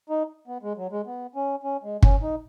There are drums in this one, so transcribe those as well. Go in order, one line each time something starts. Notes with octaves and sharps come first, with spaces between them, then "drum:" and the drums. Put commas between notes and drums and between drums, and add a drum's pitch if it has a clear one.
D#4
B3
G#3
F#3
G#3
B3
C#4
C#4
G#3
C#4, drum: kick
D#4